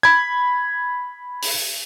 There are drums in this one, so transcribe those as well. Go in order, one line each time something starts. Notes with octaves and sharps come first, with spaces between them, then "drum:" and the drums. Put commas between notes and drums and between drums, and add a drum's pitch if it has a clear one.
B5 G#6
drum: open hi-hat